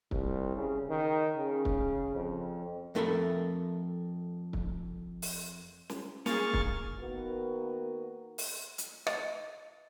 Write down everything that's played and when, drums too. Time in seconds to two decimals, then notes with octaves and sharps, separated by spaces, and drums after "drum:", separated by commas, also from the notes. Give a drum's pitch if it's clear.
0.11 C2, drum: kick
0.57 C#3
0.90 D#3
1.37 C#3
1.65 drum: kick
2.15 F2
2.95 F2 A3 A4 A#4 E5 B5
4.53 drum: kick
5.22 drum: open hi-hat
5.89 drum: snare
6.26 A#3 G#4 C#6 F6 A6, drum: snare
6.53 drum: kick
6.99 D#3 A#3 B3 F#4 A#4 B4
8.38 drum: open hi-hat
8.78 drum: hi-hat
9.07 D#5, drum: rim click